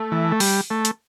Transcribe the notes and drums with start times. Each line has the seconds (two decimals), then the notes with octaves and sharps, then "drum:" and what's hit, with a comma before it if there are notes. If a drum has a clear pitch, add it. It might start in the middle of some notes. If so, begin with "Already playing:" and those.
Already playing: A3
0.12 E3
0.32 A3
0.40 G3, drum: open hi-hat
0.70 A3
0.85 drum: hi-hat